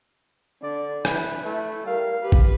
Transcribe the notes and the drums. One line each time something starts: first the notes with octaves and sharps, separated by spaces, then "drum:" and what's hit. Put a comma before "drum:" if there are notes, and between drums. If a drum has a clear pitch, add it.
D3 D5
E4 B4, drum: rim click
A3 E4
G3 A#4 F5
G4 B4
drum: kick